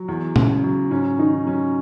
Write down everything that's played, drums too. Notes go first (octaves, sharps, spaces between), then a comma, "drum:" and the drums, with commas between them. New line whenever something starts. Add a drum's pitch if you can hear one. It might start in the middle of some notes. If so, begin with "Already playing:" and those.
Already playing: F#3
E2
C#3, drum: tom A#2
F#3
G#2 C#4
D#3 D#4
F#3 C#4